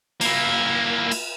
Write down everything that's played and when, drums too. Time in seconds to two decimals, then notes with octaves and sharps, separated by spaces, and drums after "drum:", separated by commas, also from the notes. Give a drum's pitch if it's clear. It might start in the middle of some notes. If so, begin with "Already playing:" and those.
0.21 A#3 E4, drum: cymbal
1.11 drum: cymbal